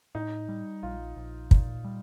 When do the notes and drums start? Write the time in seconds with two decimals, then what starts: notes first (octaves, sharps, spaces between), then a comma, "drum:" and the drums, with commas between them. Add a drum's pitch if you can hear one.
0.15 A2 D#4
0.49 G3
0.83 A#1 F4
1.16 A#1
1.51 A#2, drum: kick
1.85 G3